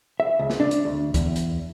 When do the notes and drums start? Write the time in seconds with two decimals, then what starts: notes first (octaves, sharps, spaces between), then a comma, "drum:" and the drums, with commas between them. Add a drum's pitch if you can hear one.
0.20 E5
0.39 C#2
0.50 drum: snare
0.60 D4
0.71 drum: hi-hat
0.85 D2
1.14 E2, drum: kick, hi-hat
1.36 drum: hi-hat